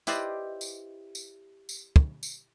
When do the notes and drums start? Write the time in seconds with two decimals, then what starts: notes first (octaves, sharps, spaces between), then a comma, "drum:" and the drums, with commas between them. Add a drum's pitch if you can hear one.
0.07 E4 G4 B4 C5 D5 D#5, drum: tambourine
0.61 drum: tambourine
1.15 drum: tambourine
1.69 drum: tambourine
1.96 drum: kick
2.23 drum: tambourine